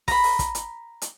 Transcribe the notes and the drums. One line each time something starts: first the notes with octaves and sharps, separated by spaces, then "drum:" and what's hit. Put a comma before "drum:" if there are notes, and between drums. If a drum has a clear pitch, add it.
A#5 B5, drum: kick, open hi-hat
drum: open hi-hat
drum: kick, hi-hat
drum: hi-hat
drum: hi-hat